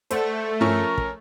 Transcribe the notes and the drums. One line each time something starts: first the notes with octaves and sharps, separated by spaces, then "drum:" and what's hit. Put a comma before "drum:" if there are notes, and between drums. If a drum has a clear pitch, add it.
A3 C5 D5 F#5, drum: hi-hat
F3 C#4 A#4 C#6, drum: tom G2
drum: kick